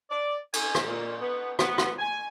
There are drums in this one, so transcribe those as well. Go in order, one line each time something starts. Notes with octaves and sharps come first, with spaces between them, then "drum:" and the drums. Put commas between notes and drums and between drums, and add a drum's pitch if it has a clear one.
D5
G#5, drum: cymbal
drum: rim click
A#2
B3
B3, drum: rim click
drum: rim click
G#5